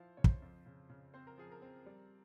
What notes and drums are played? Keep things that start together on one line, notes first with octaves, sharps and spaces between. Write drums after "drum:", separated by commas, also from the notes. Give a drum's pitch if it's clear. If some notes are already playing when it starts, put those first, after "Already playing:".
Already playing: F3 E4 C5 F5
C#3 C#5
C5, drum: kick
F2
C#3
C#3
C4 C5
A#4
F3 G#4
A#4
C4
G3